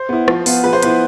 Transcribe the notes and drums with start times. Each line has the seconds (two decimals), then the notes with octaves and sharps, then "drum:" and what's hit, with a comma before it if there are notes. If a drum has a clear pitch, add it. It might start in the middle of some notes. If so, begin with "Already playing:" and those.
Already playing: C5
0.09 B3 E4
0.28 F3, drum: rim click
0.46 B3 F4, drum: open hi-hat
0.64 F3 B4
0.73 C5
0.83 B3 E4 B4, drum: hi-hat